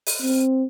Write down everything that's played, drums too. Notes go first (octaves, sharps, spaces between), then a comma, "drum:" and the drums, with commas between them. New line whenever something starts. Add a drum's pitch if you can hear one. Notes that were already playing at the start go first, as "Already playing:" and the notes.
drum: open hi-hat
C4